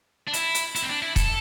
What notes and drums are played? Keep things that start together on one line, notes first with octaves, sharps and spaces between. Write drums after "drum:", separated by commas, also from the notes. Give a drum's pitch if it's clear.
D4
E4, drum: hi-hat
drum: hi-hat
E4, drum: hi-hat
C4
D4
E4
A4, drum: kick, hi-hat